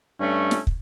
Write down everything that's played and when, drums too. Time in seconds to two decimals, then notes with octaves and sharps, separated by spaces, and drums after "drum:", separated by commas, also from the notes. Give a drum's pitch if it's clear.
0.20 G2 A3 C#4
0.51 drum: snare
0.67 drum: kick